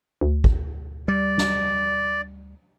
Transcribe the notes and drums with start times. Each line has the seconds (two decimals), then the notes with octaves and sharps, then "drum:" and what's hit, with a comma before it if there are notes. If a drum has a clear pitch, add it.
0.21 D2
0.44 drum: kick
1.08 G3 D5
1.38 drum: snare